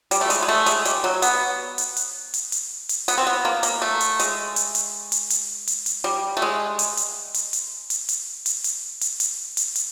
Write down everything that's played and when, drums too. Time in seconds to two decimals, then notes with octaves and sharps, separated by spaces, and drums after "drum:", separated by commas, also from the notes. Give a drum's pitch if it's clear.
0.11 G3, drum: hi-hat
0.21 A3
0.30 G#3, drum: hi-hat
0.43 G#3
0.48 A3
0.66 G#3, drum: hi-hat
0.85 G3, drum: hi-hat
1.04 F#3
1.22 B3, drum: hi-hat
1.78 drum: hi-hat
1.96 drum: hi-hat
2.34 drum: hi-hat
2.52 drum: hi-hat
2.89 drum: hi-hat
3.08 B3, drum: hi-hat
3.18 C4
3.27 B3
3.45 A#3
3.63 A#3, drum: hi-hat
3.82 A3
4.00 drum: hi-hat
4.19 G#3, drum: hi-hat
4.56 drum: hi-hat
4.75 drum: hi-hat
5.12 drum: hi-hat
5.30 drum: hi-hat
5.67 drum: hi-hat
5.86 drum: hi-hat
6.04 G3
6.37 A3
6.42 G#3
6.79 drum: hi-hat
6.97 drum: hi-hat
7.34 drum: hi-hat
7.53 drum: hi-hat
7.90 drum: hi-hat
8.09 drum: hi-hat
8.46 drum: hi-hat
8.64 drum: hi-hat
9.01 drum: hi-hat
9.20 drum: hi-hat
9.57 drum: hi-hat
9.75 drum: hi-hat